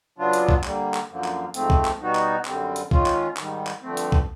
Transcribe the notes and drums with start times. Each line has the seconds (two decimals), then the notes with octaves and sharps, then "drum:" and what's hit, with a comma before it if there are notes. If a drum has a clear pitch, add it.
0.18 C#3 F#3 B3 D4 F4
0.33 drum: hi-hat
0.49 drum: kick
0.64 D3 G3 A#3, drum: clap
0.94 drum: clap
1.09 F#2 D3 F3 A#3
1.24 drum: clap
1.54 G#2 F3 A3 C4, drum: hi-hat
1.70 drum: kick
1.85 drum: clap
2.01 B2 G3 B3 D#4 F#4
2.15 drum: clap
2.45 F#2 D3 G3 C4, drum: clap
2.76 drum: hi-hat
2.91 D#3 G#3 C#4 F4, drum: kick
3.06 drum: clap
3.37 G#2 D#3 G3, drum: clap
3.67 drum: clap
3.82 G2 D3 F3 A3 C4
3.97 drum: hi-hat
4.12 drum: kick